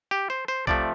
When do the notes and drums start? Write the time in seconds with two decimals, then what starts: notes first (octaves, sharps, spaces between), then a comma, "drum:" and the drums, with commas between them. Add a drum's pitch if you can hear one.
0.11 G4
0.30 C5
0.48 C5
0.67 C3 F3 A3 D5, drum: kick B1